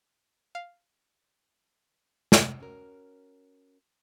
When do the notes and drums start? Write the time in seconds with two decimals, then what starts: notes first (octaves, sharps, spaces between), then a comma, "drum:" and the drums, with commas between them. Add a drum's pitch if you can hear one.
0.55 F5
2.32 drum: snare
2.60 C#4 F#4 A#4